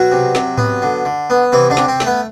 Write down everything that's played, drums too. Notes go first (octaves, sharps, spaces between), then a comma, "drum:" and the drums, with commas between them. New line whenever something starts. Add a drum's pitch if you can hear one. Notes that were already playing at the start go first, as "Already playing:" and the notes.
Already playing: B2 F#3 F#4
C3
C3, drum: snare
B3, drum: tom G#2
D3
D3
B3
C3 E3 E4
D3 D4
C3, drum: snare
C4
A3, drum: snare
B3